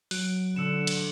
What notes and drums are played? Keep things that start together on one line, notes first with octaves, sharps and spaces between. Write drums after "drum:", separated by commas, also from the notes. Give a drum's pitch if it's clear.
F#3 F#6 D7, drum: open hi-hat
D3 E6 C#7 E7
drum: cymbal